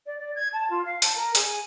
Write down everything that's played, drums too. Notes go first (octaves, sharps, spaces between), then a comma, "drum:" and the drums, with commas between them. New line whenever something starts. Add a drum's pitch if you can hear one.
D5
D5
G#6
A5
F4
F5
A5, drum: hi-hat
A#4
G#4, drum: hi-hat
G#5